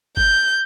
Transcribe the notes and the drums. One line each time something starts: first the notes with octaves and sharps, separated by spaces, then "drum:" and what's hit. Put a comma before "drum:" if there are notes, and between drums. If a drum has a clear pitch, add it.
G6, drum: kick G1